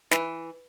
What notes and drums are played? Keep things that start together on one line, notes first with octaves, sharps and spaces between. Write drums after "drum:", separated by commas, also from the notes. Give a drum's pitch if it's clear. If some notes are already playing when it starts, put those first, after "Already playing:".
E3, drum: snare